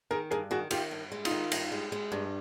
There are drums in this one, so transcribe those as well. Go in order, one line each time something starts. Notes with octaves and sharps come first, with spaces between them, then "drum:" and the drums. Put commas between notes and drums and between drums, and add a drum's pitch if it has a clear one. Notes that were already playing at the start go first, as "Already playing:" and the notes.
D#3 G#4 A#4
G2 G#4 A#4
D#3 F#4 G#4
D#3 F4 G4, drum: cymbal
G2
G#3
D#4 F4, drum: cymbal
D#3
G2, drum: cymbal
G#3
G#3
G2